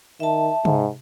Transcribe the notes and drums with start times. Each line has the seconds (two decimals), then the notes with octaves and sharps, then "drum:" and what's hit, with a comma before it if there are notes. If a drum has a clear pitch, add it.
0.20 D#3 E5 A5
0.65 G#2, drum: tom